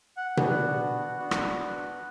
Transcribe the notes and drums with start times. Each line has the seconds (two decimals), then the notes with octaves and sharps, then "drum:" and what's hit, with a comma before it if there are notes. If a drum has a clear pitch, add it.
0.17 F#5
0.37 B3 D4 F#4, drum: tom B2
1.18 B3 D4 F#4
1.31 drum: rim click